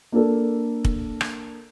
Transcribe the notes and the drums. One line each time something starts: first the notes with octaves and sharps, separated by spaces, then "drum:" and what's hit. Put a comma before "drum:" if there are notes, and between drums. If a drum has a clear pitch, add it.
A#3 D4 A4 A#4
drum: kick
drum: rim click